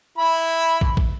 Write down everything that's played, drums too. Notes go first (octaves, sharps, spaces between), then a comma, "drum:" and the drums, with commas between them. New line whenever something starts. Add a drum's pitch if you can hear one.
E4 B5
drum: kick
drum: kick